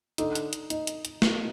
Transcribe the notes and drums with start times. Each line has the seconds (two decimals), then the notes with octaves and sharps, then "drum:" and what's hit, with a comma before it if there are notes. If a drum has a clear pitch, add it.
0.18 D3 D#4, drum: hi-hat
0.35 drum: hi-hat
0.53 drum: hi-hat
0.70 D#4, drum: hi-hat
0.87 drum: hi-hat
1.05 drum: hi-hat
1.22 B2, drum: snare